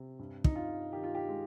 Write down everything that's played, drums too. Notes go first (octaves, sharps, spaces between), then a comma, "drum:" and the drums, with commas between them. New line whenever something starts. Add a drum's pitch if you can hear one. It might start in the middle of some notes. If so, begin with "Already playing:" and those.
Already playing: C3
G2
D#4, drum: kick
G2 F4
D#3 G4
F4
G4
G#3